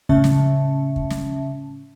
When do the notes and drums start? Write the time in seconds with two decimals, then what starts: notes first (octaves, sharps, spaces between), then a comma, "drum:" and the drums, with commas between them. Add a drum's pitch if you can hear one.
0.09 A2 C#3 C#4 E5 A5, drum: kick
0.24 drum: snare
0.96 drum: kick
1.10 drum: snare